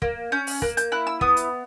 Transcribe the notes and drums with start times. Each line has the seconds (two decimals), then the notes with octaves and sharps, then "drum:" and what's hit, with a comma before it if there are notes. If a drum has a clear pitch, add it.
0.02 A#3, drum: kick
0.32 C#4 G6
0.47 drum: open hi-hat
0.62 A#3 F#6, drum: kick
0.77 G6, drum: hi-hat
0.92 E4 F#6
1.07 E6
1.21 B3 D#6, drum: kick
1.37 drum: hi-hat